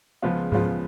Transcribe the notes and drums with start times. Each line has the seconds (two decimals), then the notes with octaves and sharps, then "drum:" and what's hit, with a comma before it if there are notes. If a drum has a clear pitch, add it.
0.22 C#2 C#3 F3 B3 F4
0.52 C#2 C#3 F3 B3 F4, drum: tom G#2